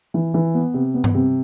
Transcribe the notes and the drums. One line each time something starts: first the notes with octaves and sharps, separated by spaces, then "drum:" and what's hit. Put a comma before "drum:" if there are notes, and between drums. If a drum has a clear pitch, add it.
E3
E3
B3
C3
B3
drum: tom G2
C3